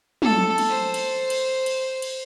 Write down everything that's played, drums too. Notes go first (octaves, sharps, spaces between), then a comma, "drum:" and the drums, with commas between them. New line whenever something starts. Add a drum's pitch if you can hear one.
A4, drum: tom
drum: cymbal
C5
drum: cymbal
drum: cymbal
drum: cymbal
drum: cymbal